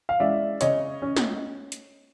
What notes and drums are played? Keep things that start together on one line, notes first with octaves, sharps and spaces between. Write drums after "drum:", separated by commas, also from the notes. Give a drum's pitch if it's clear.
F5
G#3 C#4 E4 D5 E5
C#3 C#5 D#5, drum: hi-hat
C#4
drum: snare
drum: hi-hat